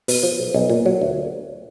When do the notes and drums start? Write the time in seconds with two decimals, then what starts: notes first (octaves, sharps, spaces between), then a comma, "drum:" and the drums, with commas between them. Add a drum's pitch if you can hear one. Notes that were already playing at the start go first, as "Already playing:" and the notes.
0.08 B2, drum: open hi-hat
0.23 F3
0.40 B1
0.54 B1
0.70 A#2
0.86 F#3
1.01 D2